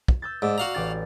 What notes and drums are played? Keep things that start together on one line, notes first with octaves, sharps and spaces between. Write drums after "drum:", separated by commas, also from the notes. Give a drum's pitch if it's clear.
drum: kick
E6 G6 A6
G#2 D5 E6
F#4 F5 A#5
A1 G4 A6